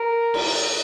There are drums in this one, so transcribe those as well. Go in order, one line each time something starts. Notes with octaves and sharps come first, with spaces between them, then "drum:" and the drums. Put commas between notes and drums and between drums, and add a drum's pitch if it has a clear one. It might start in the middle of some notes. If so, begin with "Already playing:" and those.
Already playing: A#4
drum: cymbal